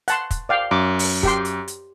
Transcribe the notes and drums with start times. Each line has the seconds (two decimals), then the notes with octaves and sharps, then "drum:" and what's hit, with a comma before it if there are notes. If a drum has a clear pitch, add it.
0.08 F#5 A5 C6, drum: hi-hat
0.31 drum: kick, hi-hat
0.49 D5 F5 G5
0.71 F#2 D6
0.99 drum: open hi-hat
1.23 G4 G5 C6, drum: kick
1.45 drum: hi-hat
1.68 drum: hi-hat